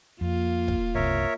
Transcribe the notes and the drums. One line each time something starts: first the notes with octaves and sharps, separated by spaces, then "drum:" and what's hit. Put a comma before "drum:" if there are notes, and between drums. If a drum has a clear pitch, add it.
F2 A#3 F4
drum: kick
F#1 C2 A#4 C#5 E5